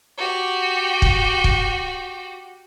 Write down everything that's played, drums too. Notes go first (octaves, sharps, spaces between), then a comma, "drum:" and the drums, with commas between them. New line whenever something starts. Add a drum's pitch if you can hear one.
F#4 G4
drum: kick
drum: kick